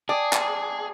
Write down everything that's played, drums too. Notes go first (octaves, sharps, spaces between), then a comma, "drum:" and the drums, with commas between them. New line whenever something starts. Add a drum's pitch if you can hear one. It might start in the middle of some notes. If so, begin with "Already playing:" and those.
G#4 D5 G5 A5 D#6
drum: clap